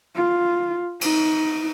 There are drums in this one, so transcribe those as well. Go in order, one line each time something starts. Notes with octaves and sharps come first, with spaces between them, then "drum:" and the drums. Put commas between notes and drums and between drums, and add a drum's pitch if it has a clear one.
F4
D#4, drum: cymbal